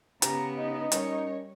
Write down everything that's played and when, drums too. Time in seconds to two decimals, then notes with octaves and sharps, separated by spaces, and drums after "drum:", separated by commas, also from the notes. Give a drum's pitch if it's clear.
0.22 C#3 B3 G4 A#5, drum: hi-hat
0.57 D#4 D#5
0.92 G3 C#4 A#4 C#5, drum: hi-hat